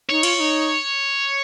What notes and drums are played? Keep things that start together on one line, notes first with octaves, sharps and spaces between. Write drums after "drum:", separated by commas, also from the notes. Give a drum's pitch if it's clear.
D#4 C#5
F4, drum: cymbal
F4
D#4